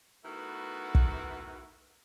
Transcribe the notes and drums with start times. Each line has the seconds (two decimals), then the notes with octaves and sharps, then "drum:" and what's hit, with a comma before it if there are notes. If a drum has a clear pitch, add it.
0.24 D#3 A3 B3 E4 F#4 B4
0.95 drum: kick